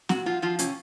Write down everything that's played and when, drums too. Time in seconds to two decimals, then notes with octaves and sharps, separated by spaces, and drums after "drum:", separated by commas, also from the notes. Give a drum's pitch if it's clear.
0.09 A#2 F#4, drum: snare
0.26 F3 F4
0.42 F3 F4
0.59 C3 C#4, drum: hi-hat